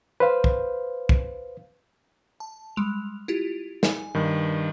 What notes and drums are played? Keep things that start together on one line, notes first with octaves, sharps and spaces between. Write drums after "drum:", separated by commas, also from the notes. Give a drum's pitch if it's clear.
B4 C5 F5
drum: kick A#1
drum: kick A#1
A5
G3 G#3 F7
E4 F4 G4
G#5, drum: snare
G2 D#3